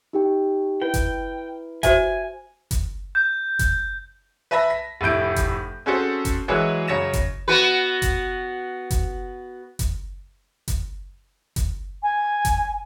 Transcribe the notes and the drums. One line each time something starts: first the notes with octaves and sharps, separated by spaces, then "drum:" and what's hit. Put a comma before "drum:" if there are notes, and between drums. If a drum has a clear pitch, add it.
D#4 G4 G5
E4 B4 G5
drum: kick F#1, hi-hat
F#4 C5 E5 G#5, drum: kick F#1, hi-hat
drum: kick F#1, hi-hat
G6
drum: kick F#1, hi-hat
B4 E5 A5 B5 A#6 B6
B6
F1 A2 E4 G6 D7
drum: kick F#1, hi-hat
C4 C#4 F#4 G#4 A4 C5
drum: kick F#1, hi-hat
E3 F#3 G#3 F#4 G#4 C#5
F#2 C#3 C#5 A#6 E7
drum: kick F#1, hi-hat
B3 F#4 B4
drum: kick F#1, hi-hat
drum: kick F#1, hi-hat
drum: kick F#1, hi-hat
drum: kick F#1, hi-hat
drum: kick F#1, hi-hat
G#5
drum: kick F#1, hi-hat